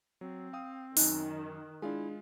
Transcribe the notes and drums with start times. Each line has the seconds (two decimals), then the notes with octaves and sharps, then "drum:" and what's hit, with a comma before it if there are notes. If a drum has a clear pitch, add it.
0.21 F#3 C4
0.53 F5 G5 D#6
0.97 F#2 D#3 D#4 G#5 F#6, drum: open hi-hat
1.82 G#3 D4 E4 F4 G#4 F5